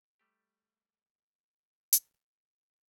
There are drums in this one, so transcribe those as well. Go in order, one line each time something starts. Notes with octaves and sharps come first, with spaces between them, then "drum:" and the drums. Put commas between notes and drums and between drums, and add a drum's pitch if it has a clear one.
G3 A3 G4
drum: hi-hat